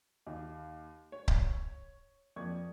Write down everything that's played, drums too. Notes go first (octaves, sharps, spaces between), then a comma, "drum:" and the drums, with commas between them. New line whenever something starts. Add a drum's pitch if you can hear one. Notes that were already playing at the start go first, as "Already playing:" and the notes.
D#2
C#5
drum: kick C#1
F2 A#3 D5 C#6 G#6